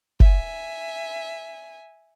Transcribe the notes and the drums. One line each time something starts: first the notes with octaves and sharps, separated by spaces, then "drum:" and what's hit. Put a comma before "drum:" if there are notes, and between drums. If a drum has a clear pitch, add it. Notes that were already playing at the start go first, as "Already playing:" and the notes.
E5 G#5, drum: kick F#1